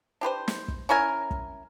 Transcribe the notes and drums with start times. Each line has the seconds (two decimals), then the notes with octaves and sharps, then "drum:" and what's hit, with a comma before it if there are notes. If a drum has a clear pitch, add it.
0.21 D4 G4 B4 C5
0.48 drum: snare
0.68 drum: kick
0.89 C#4 E4 A#4 G#5
1.31 drum: kick